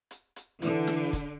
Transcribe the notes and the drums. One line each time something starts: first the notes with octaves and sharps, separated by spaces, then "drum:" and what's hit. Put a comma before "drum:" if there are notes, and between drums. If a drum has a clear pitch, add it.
drum: hi-hat
drum: hi-hat
D3 E3, drum: hi-hat
drum: snare
drum: kick, hi-hat